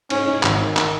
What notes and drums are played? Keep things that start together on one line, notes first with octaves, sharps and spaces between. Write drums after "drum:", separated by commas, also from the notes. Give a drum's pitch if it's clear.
G#2 C#4, drum: cymbal
G#2
G#1, drum: clap
D#3
D#3, drum: clap